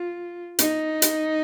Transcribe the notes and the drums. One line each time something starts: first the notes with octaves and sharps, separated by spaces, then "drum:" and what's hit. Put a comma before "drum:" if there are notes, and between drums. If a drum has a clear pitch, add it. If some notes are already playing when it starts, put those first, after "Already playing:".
Already playing: F4
D#4, drum: hi-hat
drum: hi-hat